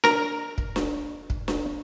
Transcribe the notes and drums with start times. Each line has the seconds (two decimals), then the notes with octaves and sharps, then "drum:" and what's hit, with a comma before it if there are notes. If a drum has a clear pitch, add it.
0.04 A#4 A#5, drum: snare D4
0.58 drum: kick
0.76 drum: snare D4
1.30 drum: kick
1.48 drum: snare D4